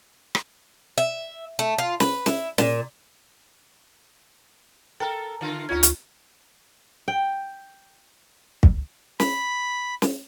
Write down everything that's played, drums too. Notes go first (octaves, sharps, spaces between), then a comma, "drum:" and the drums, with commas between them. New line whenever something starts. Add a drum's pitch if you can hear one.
drum: rim click
E5
A3
F4
B4, drum: snare
E4, drum: snare
A#2, drum: snare
A4 A#4 G5
D3 F4
D2 C#4 D#4 F4 G#6
drum: hi-hat
G5
drum: kick
B5, drum: snare
drum: snare